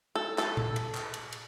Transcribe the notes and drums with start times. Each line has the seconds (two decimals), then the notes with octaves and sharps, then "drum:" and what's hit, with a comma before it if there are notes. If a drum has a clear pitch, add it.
0.15 A4
0.38 A4, drum: clap
0.57 drum: tom A#2
0.76 drum: cymbal
0.95 drum: clap
1.14 drum: cymbal
1.32 drum: cymbal